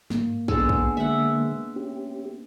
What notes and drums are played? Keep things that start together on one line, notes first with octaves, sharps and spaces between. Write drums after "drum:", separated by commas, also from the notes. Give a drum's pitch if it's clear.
G#2 A#3, drum: snare
G#3 B3 D4 A4, drum: kick
drum: kick
D3 G#3 A#3 E5 F#5
C#4 G4